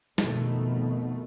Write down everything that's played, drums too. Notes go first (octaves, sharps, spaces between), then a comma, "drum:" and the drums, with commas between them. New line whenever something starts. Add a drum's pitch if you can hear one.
F2 B2 D#3 A3 B3, drum: snare